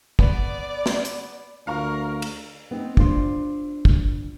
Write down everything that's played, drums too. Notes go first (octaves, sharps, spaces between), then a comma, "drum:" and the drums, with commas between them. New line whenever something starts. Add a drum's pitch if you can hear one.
B3 D5, drum: kick
drum: snare
drum: hi-hat
D2 A#4 F5 A#5 C#6
drum: cymbal
B3 C4 D#4
D4 F4 C5, drum: kick
drum: kick